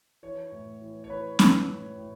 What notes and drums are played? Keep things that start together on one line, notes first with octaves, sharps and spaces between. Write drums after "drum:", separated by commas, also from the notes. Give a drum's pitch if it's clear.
E3 C#5
A2
E3
C#5
E3 B4
E3, drum: snare C#4
A2
A2